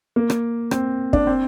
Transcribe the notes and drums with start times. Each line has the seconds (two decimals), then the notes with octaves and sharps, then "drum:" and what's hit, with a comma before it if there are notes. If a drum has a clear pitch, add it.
0.16 A#3
0.30 drum: rim click
0.71 C4, drum: rim click
1.13 D4, drum: kick
1.27 C4